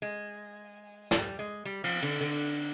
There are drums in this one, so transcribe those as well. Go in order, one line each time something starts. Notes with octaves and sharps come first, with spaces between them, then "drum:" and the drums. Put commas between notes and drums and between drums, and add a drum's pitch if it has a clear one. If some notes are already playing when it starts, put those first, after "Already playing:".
G#3
G3, drum: snare
G#3
G3
F3, drum: cymbal
D3
D3